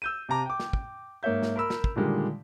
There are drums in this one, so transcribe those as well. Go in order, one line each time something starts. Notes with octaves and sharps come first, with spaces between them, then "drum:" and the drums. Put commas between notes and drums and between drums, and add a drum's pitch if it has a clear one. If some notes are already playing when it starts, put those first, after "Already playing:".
E6 G6 D#7
C3 A5 A#5 D6
G5 D6
drum: snare
drum: kick
G#2 A#3 C#5 E5 G6
drum: snare
A#4 B5 E6
drum: snare
drum: kick
A#2 D3 D#3 G3 G#3